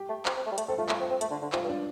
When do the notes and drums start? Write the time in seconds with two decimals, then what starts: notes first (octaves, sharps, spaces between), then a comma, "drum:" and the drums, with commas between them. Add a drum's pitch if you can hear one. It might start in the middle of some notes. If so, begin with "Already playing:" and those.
Already playing: G4
0.09 A3
0.25 C4, drum: clap
0.36 C4
0.46 A3
0.52 G3
0.58 A3, drum: hi-hat
0.68 C4 A4
0.78 A3 F4
0.89 A3 F4, drum: clap
1.00 C4
1.10 C4
1.21 A3, drum: hi-hat
1.31 D3
1.42 D3
1.53 C3 F4, drum: clap
1.64 G2
1.69 D4